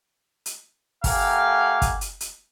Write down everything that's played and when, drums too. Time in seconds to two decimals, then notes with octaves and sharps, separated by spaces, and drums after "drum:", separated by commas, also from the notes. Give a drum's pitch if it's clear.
0.46 drum: hi-hat
1.04 A3 G4 A#4 F5 F#5 G#5, drum: kick, open hi-hat
1.82 drum: kick, hi-hat
2.01 drum: hi-hat
2.21 drum: hi-hat